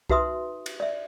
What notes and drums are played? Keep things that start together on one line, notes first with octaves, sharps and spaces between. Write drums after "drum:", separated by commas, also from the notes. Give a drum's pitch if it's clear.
D#4 F#4 B4 E5 C6 D#6, drum: kick C2
drum: cymbal
D5 E5